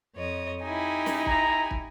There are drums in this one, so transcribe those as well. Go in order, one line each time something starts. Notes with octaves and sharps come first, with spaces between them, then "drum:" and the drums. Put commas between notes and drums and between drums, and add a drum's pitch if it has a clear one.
F2 C#5 D#5
D#4 E4 G4 G#5
drum: snare
A#5, drum: kick
drum: kick